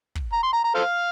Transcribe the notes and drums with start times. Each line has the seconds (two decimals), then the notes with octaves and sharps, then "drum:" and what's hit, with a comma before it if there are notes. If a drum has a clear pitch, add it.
0.15 drum: kick
0.32 A#5
0.43 C6
0.53 A#5
0.64 A#5
0.75 A4 C5 F5